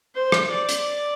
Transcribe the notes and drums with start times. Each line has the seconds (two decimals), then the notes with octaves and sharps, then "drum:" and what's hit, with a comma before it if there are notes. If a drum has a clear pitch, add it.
0.15 C5
0.32 drum: rim click
0.51 D5
0.69 drum: hi-hat